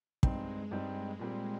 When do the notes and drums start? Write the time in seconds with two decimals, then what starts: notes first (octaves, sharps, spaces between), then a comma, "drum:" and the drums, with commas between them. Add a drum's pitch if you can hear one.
0.23 G2 G3 G#3 C4 D#4, drum: kick
0.71 G2 G3 C4 D#4
1.19 A#2 G3 C4